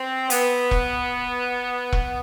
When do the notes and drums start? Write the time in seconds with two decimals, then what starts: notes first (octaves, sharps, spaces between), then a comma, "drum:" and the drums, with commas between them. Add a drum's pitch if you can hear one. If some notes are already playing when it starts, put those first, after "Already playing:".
Already playing: C4
0.30 B3, drum: hi-hat
0.71 drum: kick E1
1.92 drum: kick E1